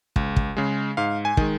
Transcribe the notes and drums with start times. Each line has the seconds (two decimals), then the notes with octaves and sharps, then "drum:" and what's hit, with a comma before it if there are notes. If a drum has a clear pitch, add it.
0.16 C#2, drum: kick
0.37 drum: kick
0.57 C#3 G#3
0.97 G#2 F5
1.25 G#5
1.37 D#3 G#3, drum: kick